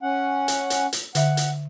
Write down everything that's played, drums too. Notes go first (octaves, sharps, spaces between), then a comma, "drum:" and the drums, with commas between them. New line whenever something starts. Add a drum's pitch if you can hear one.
C#4 F#5
drum: hi-hat
drum: hi-hat
drum: hi-hat
D3 E5 F#5, drum: hi-hat
drum: hi-hat